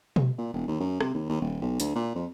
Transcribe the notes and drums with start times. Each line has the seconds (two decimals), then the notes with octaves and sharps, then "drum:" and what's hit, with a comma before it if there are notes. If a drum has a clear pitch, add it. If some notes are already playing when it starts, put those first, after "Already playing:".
0.16 drum: tom B2
0.38 A#2
0.53 E1
0.68 D#2
0.80 F#2
1.01 C3, drum: rim click
1.14 D#2
1.29 D#2
1.41 D#1
1.61 B1
1.80 D2, drum: hi-hat
1.95 A#2
2.15 F2